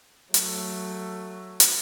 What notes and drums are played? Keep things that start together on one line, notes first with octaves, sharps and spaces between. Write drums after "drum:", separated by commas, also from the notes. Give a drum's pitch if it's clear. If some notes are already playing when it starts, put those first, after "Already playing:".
F#3 A3, drum: hi-hat
drum: hi-hat